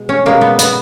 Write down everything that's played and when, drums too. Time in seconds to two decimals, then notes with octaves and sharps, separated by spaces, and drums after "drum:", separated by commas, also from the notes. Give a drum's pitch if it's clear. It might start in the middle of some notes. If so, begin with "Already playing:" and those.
Already playing: B2 G#3
0.09 C#4
0.26 B2 G#3 A#3
0.41 B3
0.59 B3, drum: hi-hat